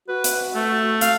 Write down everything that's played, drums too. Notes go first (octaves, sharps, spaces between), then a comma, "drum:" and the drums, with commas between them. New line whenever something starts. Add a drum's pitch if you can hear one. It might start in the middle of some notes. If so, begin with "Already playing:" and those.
F#4 B4
drum: hi-hat
A3
F5, drum: hi-hat